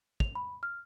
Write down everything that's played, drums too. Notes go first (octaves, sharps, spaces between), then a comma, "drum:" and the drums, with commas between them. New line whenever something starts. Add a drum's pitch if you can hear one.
F7, drum: kick
B5
F6